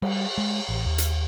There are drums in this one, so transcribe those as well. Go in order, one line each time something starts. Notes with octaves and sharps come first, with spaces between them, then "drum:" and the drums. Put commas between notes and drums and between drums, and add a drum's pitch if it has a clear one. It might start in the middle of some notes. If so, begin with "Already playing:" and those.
G3, drum: cymbal
G#3
A1
D#2
drum: hi-hat